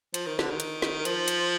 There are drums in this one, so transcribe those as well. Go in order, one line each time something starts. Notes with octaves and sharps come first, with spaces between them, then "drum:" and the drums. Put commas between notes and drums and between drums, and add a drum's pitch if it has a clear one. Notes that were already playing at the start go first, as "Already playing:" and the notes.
F3, drum: hi-hat
D#3
D3, drum: snare
D#3
drum: hi-hat
drum: snare
F3, drum: hi-hat
drum: hi-hat